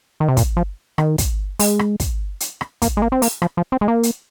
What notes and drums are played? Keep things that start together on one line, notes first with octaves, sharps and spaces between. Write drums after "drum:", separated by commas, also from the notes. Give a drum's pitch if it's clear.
D#3
C3
A#2, drum: kick, hi-hat
F3
D#3, drum: rim click
drum: kick, hi-hat
G#3, drum: open hi-hat
drum: rim click
drum: kick, hi-hat
drum: hi-hat
drum: rim click
A#3, drum: kick, hi-hat
G#3
A#3
C4
A#3, drum: open hi-hat
F3, drum: rim click
F3
C4
G#3
A#3
drum: hi-hat